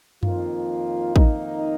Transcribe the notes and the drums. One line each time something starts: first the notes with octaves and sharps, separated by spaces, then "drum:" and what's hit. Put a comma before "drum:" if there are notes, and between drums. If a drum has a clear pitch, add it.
F2 D#3 A#3 F4, drum: tom F#2
F2 D#3 A#3 D#4, drum: kick